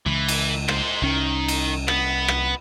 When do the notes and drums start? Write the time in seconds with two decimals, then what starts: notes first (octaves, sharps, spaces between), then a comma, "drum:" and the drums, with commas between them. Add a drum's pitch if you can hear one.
0.06 C#2 E3
0.28 drum: cymbal
0.68 G#3 C5, drum: rim click
1.02 C2 D#3 C#4
1.48 drum: cymbal
1.88 B3, drum: rim click
2.28 drum: rim click